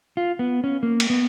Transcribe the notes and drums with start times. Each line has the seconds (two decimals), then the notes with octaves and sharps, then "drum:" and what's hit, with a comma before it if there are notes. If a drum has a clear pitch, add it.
0.17 F4
0.39 B3
0.64 C#4
0.83 A#3
1.00 drum: cymbal
1.10 B3